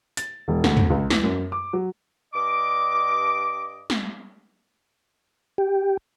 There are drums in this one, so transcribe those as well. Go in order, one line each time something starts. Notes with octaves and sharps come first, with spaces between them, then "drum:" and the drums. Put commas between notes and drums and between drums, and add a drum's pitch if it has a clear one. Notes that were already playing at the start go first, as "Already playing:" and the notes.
A6, drum: hi-hat
E1
D2, drum: snare
drum: tom
C#2
E2, drum: snare
F#2
D6
F#3
G2 D#5 D6
drum: snare
G4